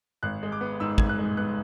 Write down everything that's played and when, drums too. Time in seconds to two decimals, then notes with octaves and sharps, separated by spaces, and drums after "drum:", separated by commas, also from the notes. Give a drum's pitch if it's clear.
0.23 G#1 F#6
0.43 G#3
0.52 D6
0.61 B3
0.80 G#2 E6
0.98 G#1 G#6, drum: kick
1.09 F#6
1.18 G#3
1.37 B3 F#6